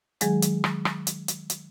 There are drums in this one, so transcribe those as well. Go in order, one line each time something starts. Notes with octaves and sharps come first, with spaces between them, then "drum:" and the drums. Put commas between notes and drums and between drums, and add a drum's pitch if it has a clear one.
D#3 F#3 G#3 G#4 G#5, drum: hi-hat
drum: hi-hat
drum: rim click
drum: rim click
drum: hi-hat
drum: hi-hat
drum: hi-hat